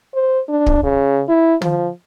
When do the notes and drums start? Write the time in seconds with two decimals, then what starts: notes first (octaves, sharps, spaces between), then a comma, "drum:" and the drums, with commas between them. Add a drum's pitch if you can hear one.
0.14 C5
0.49 D4
0.66 drum: kick
0.83 C#3
1.29 E4
1.62 F3, drum: tom